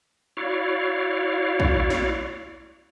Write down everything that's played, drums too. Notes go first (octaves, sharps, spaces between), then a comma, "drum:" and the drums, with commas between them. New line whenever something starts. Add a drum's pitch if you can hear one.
E4 F#4 C#5 D5 F5
drum: kick A#1
drum: snare